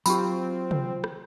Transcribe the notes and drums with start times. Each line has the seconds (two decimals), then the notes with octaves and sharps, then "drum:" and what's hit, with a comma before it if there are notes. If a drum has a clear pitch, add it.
0.06 F#3 C4 F4 G4 B5, drum: tambourine
0.71 drum: tom C3
1.04 drum: rim click